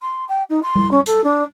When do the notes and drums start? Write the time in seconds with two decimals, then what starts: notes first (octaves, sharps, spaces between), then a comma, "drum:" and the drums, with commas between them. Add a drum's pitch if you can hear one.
0.01 C6
0.28 G5
0.49 D#4
0.62 C6
0.76 drum: tom G3
0.91 C#4
1.06 A4, drum: hi-hat
1.23 D4